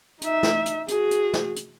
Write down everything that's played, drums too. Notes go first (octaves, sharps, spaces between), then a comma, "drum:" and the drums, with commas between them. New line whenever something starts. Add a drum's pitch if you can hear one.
D#4 E5, drum: hi-hat
drum: snare
drum: hi-hat
F#4 G#4, drum: hi-hat
drum: hi-hat
drum: snare
drum: hi-hat